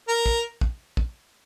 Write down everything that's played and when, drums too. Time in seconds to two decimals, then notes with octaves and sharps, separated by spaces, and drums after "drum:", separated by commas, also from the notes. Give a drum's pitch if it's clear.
0.08 A#4
0.26 drum: kick
0.61 drum: kick
0.97 drum: kick